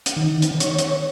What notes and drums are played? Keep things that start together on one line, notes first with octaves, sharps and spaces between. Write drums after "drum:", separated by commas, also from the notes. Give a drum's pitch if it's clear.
drum: hi-hat
D#3
drum: hi-hat
C#5, drum: hi-hat
drum: hi-hat